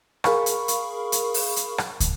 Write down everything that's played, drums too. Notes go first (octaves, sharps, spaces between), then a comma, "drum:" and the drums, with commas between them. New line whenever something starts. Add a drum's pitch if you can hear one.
G#4 A#4 F5 B5 C#6, drum: rim click
drum: hi-hat
drum: hi-hat
drum: hi-hat
drum: open hi-hat
drum: hi-hat
drum: rim click
drum: kick, hi-hat